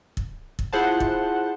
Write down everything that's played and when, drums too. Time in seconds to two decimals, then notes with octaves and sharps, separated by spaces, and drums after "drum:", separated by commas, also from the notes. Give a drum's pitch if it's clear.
0.17 drum: kick
0.59 drum: kick
0.73 E4 F4 G#4 C5 F#5 A5
1.00 drum: kick